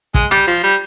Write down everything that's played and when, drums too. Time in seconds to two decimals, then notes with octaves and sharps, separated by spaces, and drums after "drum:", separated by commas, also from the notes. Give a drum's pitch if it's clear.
0.14 G#3, drum: kick
0.31 G3, drum: rim click
0.48 F3
0.63 G3